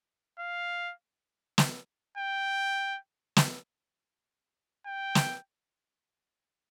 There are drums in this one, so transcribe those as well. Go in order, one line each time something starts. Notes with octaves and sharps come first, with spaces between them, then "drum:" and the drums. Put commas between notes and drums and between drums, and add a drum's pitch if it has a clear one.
F5
drum: snare
G5
drum: snare
G5
drum: snare